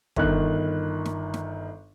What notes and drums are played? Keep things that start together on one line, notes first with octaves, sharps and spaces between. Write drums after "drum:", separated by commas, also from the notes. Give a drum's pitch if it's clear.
G1 D#3 F#6, drum: kick
drum: snare
drum: snare